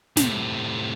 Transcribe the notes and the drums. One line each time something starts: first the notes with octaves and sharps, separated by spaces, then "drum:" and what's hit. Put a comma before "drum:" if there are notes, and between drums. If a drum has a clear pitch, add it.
A2 C3, drum: snare